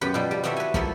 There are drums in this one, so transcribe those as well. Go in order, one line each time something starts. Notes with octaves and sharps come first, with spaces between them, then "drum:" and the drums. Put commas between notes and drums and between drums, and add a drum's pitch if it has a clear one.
F#2 B3 G4 B4 B5
B2 F3 G3
G3
B3 C4 E4 F#4 A4 E5
B4 G#5
F3 A#3 B3 E4 A4 E5, drum: kick